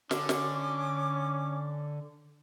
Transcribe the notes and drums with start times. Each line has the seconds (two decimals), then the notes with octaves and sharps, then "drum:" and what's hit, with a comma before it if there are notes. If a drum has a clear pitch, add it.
0.11 D3 C#4 D6, drum: snare
0.29 drum: snare